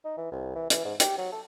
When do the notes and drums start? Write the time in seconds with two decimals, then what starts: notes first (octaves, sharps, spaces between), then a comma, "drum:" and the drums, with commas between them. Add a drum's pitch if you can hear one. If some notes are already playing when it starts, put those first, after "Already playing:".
0.05 D#4
0.18 E3
0.32 C2
0.55 E3
0.70 E3, drum: hi-hat
0.85 G#2
1.00 G4, drum: hi-hat
1.18 F#3
1.33 A4